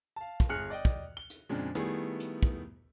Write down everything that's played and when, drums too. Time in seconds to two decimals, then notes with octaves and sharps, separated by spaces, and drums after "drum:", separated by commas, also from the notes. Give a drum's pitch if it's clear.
0.16 F5 A5
0.40 drum: kick, hi-hat
0.49 G1 G#4 F6 F#6 C#7
0.70 D5 D#5 G5
0.85 drum: kick, hi-hat
1.17 G7
1.30 drum: hi-hat
1.49 F2 A#2 C#3 G#3 D4
1.75 D#3 G3 A3 B3 E4 G#4, drum: hi-hat
2.20 drum: hi-hat
2.43 drum: kick